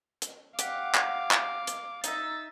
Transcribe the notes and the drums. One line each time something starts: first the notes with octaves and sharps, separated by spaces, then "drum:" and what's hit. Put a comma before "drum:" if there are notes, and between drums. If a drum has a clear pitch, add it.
drum: hi-hat
G4 F5 F#5 D6, drum: hi-hat
drum: clap
drum: clap
drum: hi-hat
D#4 E5 A6, drum: hi-hat